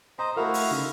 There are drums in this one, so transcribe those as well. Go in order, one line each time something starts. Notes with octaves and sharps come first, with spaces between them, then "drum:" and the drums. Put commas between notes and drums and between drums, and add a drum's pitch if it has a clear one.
C5 D#5 A#5
A3 E4 F#4 A4 A#4 F5
drum: open hi-hat
C#3 D#4